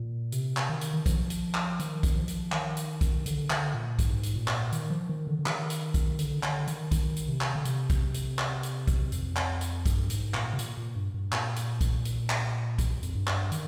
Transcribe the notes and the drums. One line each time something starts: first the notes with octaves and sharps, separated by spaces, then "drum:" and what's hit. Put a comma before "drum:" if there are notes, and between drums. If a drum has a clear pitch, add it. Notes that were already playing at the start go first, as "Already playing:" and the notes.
Already playing: A#2
C3, drum: hi-hat
drum: clap
D#3
drum: hi-hat
D#3
F3, drum: kick A#1, hi-hat
drum: hi-hat
drum: clap
D#3, drum: hi-hat
drum: kick A#1, hi-hat
F3
drum: hi-hat
D#3, drum: clap
drum: hi-hat
drum: kick A#1, hi-hat
D3, drum: hi-hat
D3, drum: clap
A#2
G#2, drum: kick A#1, hi-hat
drum: hi-hat
A#2
drum: clap
D#3, drum: hi-hat
F3
D#3
D3
D3
D#3, drum: clap
drum: hi-hat
drum: kick A#1, hi-hat
D3, drum: hi-hat
D3, drum: clap
D#3, drum: hi-hat
D#3, drum: kick A#1, hi-hat
drum: hi-hat
C3
drum: clap
D3
C3, drum: hi-hat
drum: kick A#1, hi-hat
drum: hi-hat
drum: clap
drum: hi-hat
drum: kick A#1, hi-hat
F2, drum: hi-hat
drum: clap
drum: hi-hat
G2, drum: kick A#1, hi-hat
G#2, drum: hi-hat
A#2, drum: clap
C3
A#2, drum: hi-hat
A#2
G2
G2
A#2, drum: clap
drum: hi-hat
drum: kick A#1, hi-hat
drum: hi-hat
drum: clap
drum: kick A#1, hi-hat
F2, drum: hi-hat
G2
drum: clap
D#3, drum: hi-hat